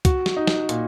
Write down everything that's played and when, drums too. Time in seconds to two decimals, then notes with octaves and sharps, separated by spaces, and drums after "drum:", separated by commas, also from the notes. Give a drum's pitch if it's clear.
0.05 F#4, drum: kick, hi-hat
0.26 drum: snare
0.37 D#4
0.47 drum: snare
0.69 A#2, drum: hi-hat